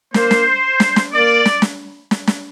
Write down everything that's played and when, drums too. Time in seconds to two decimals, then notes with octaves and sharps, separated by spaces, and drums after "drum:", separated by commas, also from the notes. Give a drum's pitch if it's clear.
0.14 A#3 C5, drum: snare
0.31 drum: snare
0.80 drum: snare
0.96 drum: snare
1.13 A#3 D5
1.45 drum: snare
1.62 drum: snare
2.11 drum: snare
2.27 drum: snare